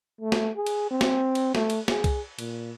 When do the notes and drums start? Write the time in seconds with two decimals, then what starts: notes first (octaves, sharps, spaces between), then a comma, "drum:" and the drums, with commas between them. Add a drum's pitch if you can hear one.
0.21 A3
0.32 drum: snare
0.56 G#4
0.66 drum: cymbal
0.91 C4
1.01 drum: snare
1.35 drum: cymbal
1.55 A3, drum: snare
1.70 drum: cymbal
1.88 G#4, drum: snare
2.04 drum: kick C2, cymbal
2.39 A#2, drum: cymbal